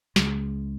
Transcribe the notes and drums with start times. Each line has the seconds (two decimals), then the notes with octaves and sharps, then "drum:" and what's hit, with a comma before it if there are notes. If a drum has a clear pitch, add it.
0.16 C#2 C#3 G#3, drum: snare